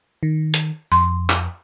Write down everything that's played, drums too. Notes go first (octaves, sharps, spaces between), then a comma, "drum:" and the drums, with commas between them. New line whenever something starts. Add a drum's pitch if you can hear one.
D#3
drum: hi-hat
F2 C6
drum: clap